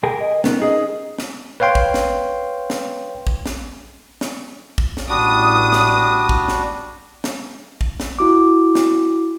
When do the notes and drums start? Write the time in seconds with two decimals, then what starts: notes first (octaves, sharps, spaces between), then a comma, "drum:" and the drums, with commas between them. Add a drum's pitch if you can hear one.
0.03 G4 G#4 A#4 G5 G#5
0.21 D#5
0.44 B3 C#4 D#4 A#4, drum: snare
0.60 D#4 G#4 D#5
1.18 drum: snare
1.60 B4 C#5 F5 G5 C6
1.75 drum: kick
1.94 drum: snare
2.70 drum: snare
3.27 drum: kick
3.46 drum: snare
4.21 drum: snare
4.78 drum: kick
4.97 drum: snare
5.09 A1 G3 D4 F#4 D#6
5.73 drum: snare
6.29 drum: kick
6.48 drum: snare
7.24 drum: snare
7.81 drum: kick
8.00 drum: snare
8.19 E4 F#4 D6
8.75 drum: snare